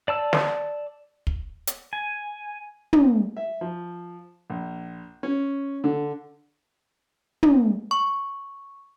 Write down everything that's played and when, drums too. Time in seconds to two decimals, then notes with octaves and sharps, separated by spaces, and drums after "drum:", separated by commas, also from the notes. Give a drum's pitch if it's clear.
0.08 D5 A5 E6
0.33 drum: snare
1.27 drum: kick
1.67 drum: hi-hat
1.93 G#5
2.93 drum: tom
3.37 E5
3.61 F3
4.50 A#1
5.23 C#4
5.84 D3
7.43 drum: tom
7.91 C#6